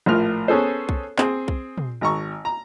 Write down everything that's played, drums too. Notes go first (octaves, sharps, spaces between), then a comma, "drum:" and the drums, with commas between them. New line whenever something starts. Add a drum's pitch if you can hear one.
A#1 A2 F3 F4 A#4 F6
B3 C#4 G#4 A4 C5
drum: kick B1
C4 G#4, drum: clap
drum: kick B1
drum: tom
G#1 A#5 C#6
A#5